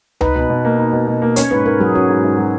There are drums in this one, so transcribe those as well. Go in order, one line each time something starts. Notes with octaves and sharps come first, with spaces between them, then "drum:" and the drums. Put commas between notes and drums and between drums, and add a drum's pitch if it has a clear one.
D#4 B4, drum: tom C#2
B2
B2
A#3
D#4
B2
B2
A#3
C#4 C#5, drum: hi-hat
G#2 B4
G#2 A#4
F#3 G#4
C#4 F#4
G#2
G#2
F#3